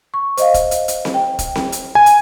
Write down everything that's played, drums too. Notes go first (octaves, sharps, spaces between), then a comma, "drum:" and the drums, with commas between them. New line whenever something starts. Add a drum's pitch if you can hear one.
C#6
C5 D#5 F5, drum: hi-hat
drum: kick, hi-hat
drum: hi-hat
drum: hi-hat
drum: snare C4
G5
drum: kick, hi-hat
drum: snare C4
drum: hi-hat
G#5
drum: hi-hat